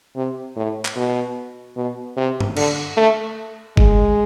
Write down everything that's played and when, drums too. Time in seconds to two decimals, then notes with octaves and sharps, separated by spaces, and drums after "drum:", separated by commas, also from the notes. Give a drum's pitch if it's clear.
0.16 C3
0.56 A2
0.85 drum: clap
0.96 B2
1.77 B2
2.17 C3
2.40 drum: tom G2
2.57 D3, drum: cymbal
2.97 A3
3.77 G#3, drum: kick G1